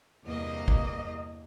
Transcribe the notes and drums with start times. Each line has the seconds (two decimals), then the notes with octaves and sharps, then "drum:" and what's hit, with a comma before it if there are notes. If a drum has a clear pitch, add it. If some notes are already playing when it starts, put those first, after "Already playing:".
0.25 E2 G2 C3 A#3 D#5
0.68 drum: kick